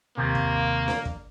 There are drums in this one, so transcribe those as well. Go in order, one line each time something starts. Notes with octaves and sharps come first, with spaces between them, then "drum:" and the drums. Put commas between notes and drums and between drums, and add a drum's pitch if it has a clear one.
D#2 C3 A#3
drum: kick
drum: snare
drum: kick